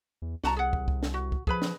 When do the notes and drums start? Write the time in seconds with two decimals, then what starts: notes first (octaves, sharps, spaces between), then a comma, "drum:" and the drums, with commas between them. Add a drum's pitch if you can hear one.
0.22 E2
0.44 C2 F#4 A5 A#5, drum: snare
0.57 G#4 F#5
0.73 drum: kick
0.88 drum: kick
1.03 drum: snare
1.14 F#4
1.32 drum: kick
1.47 F3 G#4 B4 B5, drum: kick
1.62 drum: snare